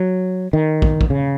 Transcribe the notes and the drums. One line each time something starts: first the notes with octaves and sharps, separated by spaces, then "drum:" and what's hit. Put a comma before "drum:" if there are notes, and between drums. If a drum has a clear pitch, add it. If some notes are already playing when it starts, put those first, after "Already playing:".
Already playing: F#3
D#3
drum: kick
drum: kick
C#3